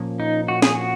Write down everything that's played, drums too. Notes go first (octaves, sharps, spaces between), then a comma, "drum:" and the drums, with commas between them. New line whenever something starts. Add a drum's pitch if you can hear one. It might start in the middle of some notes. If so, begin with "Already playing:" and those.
Already playing: A#2 F3 A#3 C#4
D#4
F#4
G#4, drum: snare
F#4